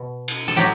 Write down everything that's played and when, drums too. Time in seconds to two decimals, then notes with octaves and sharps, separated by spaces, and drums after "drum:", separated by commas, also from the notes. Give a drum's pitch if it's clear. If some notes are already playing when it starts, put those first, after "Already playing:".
Already playing: B2
0.28 drum: cymbal
0.48 A4
0.56 A2 F#3 G4